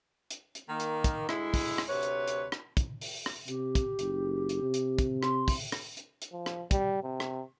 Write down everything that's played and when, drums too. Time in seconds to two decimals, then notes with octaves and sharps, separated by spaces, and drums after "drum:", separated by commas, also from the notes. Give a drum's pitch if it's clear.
0.31 drum: hi-hat
0.55 drum: hi-hat
0.69 D#3 A#3
0.80 drum: hi-hat
1.04 drum: kick, hi-hat
1.29 D2 G#3 E4, drum: rim click
1.54 drum: kick, open hi-hat
1.78 drum: rim click
1.88 D2 C3 B4 C#5
2.03 drum: hi-hat
2.28 drum: hi-hat
2.52 drum: rim click
2.77 drum: kick, hi-hat
3.01 drum: open hi-hat
3.26 drum: rim click
3.48 C3 G4, drum: hi-hat
3.75 drum: kick, hi-hat
3.99 F#1, drum: hi-hat
4.49 drum: hi-hat
4.62 C3
4.74 drum: hi-hat
4.98 drum: kick, hi-hat
5.23 C6, drum: rim click
5.48 drum: kick, open hi-hat
5.72 drum: rim click
5.97 drum: hi-hat
6.22 drum: hi-hat
6.32 F3
6.46 drum: rim click
6.71 G3, drum: kick, hi-hat
7.03 C3
7.20 drum: rim click